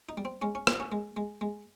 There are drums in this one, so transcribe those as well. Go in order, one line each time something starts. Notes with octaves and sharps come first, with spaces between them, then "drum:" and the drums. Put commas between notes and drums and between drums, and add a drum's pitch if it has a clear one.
D#4
G3
C4
G#3 C#4
C#4
A#2 C4, drum: rim click
C#4
G#3
G#3
G#3